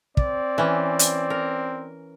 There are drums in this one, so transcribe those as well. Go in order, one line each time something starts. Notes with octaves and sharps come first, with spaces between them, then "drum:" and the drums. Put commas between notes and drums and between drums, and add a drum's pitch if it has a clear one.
C4 D5, drum: kick
E3 C#4
drum: hi-hat
A#4